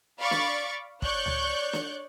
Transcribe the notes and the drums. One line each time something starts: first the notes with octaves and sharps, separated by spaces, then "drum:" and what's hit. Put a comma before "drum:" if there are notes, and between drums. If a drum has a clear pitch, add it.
D5 F5 B5 C#6 D6 A6
drum: snare
C#5 D5 C#6 F#6 G6, drum: kick
drum: tom C#2
drum: snare